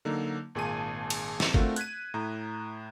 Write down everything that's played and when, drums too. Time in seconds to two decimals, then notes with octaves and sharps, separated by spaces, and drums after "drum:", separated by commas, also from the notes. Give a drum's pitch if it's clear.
0.05 D3 F#3 A#3 D#4
0.55 G#1 A#2 G#4 G#5 A5 D#7
1.10 drum: cymbal
1.40 drum: snare
1.54 A3 C4 D4 F4 F#4 A#4, drum: kick G1
1.76 F#6 G#6 B6 D#7, drum: hi-hat
2.14 A2 A#5